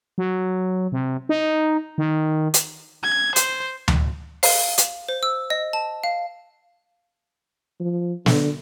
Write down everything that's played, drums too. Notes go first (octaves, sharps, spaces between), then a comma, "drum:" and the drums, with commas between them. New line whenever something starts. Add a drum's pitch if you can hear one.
F#3
C3
D#4
D#3
drum: hi-hat
G#6
C5, drum: hi-hat
drum: tom D2
F5, drum: open hi-hat
drum: hi-hat
C5
E6
D#5
A5
F5
F3
D3, drum: snare